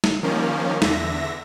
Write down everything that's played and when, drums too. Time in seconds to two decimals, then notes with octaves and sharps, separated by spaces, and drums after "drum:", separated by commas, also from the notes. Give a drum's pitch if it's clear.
0.04 drum: snare
0.23 D#3 F3 G3 A#3 C#4
0.82 E2 D3 E5 A#6, drum: snare